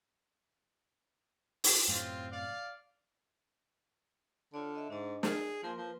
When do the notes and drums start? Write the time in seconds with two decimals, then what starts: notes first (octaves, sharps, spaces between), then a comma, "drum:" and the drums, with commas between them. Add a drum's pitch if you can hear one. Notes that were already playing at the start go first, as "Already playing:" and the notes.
1.64 drum: open hi-hat
1.88 F#2 A2 C3 C4 F4
2.30 D5 F5
4.54 D3 F4 C#5 D5
4.75 D#5 E5
4.90 G#2 D4 D#5
5.23 G#4 D5, drum: snare
5.63 F3 A#3 A#4 C6
5.78 F3 B4